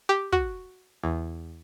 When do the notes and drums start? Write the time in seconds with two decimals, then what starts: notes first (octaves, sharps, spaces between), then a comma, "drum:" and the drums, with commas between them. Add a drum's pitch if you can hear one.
0.09 G4
0.32 F#4, drum: kick
1.03 E2